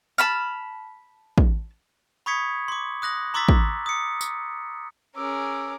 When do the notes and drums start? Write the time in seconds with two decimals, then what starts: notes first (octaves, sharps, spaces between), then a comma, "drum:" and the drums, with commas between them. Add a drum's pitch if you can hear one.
0.18 A5 B5 F6
1.38 drum: kick
2.26 B5 C#6 D#6 G#6 B6 C#7
2.68 C6 D6
3.02 D#6 F#6 A#6 F#7
3.34 A#5 C6 D6 E6 A6 B6
3.49 drum: kick
3.86 D#6 C#7
4.21 drum: tambourine
5.16 C#4 G#4 A#4 D6 E6